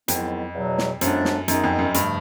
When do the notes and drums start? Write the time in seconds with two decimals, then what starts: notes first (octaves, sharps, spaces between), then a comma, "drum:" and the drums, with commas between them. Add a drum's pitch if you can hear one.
0.08 F2 G#2 D#3 F#3 B3 E4, drum: hi-hat
0.55 E2 B2 F#3
0.78 drum: snare
1.01 F#2 A2 F3 G#3 B3 D4, drum: hi-hat
1.25 drum: snare
1.48 F#2 D#3 G#3 B3 D#4, drum: hi-hat
1.64 F2
1.79 F#2
1.94 G2 C#3 F3 A3, drum: hi-hat